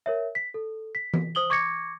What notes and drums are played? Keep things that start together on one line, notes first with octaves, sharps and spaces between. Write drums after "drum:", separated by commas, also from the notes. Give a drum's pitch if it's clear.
A#4 C#5 E5
B6
A4
B6
drum: tom E3
C5 D#6 F#7 G7
C#6 D6 G#6 A#6 C#7